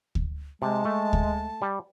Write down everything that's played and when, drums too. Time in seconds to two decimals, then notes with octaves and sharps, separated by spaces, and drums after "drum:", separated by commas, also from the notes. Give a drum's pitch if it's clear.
0.15 drum: kick D2
0.62 C3 G#3 A5
0.85 A3
1.13 drum: kick D2
1.62 G3